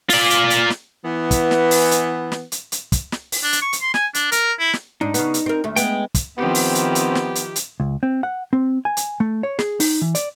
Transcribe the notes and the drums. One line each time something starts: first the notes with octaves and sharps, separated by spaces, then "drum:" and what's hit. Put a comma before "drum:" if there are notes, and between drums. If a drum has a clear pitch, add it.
F4 D5, drum: open hi-hat
drum: hi-hat
drum: hi-hat
drum: snare
E3 B3
drum: kick, hi-hat
drum: snare
drum: open hi-hat
drum: hi-hat
drum: snare
drum: hi-hat
drum: hi-hat
drum: kick, hi-hat
drum: snare
drum: open hi-hat
D4
drum: hi-hat
C#6
drum: hi-hat
C6
G#5, drum: snare
D4, drum: hi-hat
A#4, drum: hi-hat
E4
drum: snare
G#2 D4 D#4
C#3 B3, drum: hi-hat
drum: hi-hat
C4 A#4
D2 A3
G#3 B3 G5, drum: hi-hat
drum: kick, hi-hat
D#3 F3 B3 C4 E4 G4
drum: open hi-hat
drum: hi-hat
drum: hi-hat
drum: snare
drum: hi-hat
drum: hi-hat
C#2
C4
F#5
C4
G#5
drum: hi-hat
A3
C#5
G#4, drum: snare
D#4, drum: open hi-hat
E3
D5, drum: hi-hat